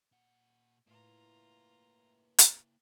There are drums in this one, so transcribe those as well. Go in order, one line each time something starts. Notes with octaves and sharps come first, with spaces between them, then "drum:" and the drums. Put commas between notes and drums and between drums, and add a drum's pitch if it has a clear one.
A#2 F#5
A2 A#3 E4 F4 B4 E5 A#5
drum: hi-hat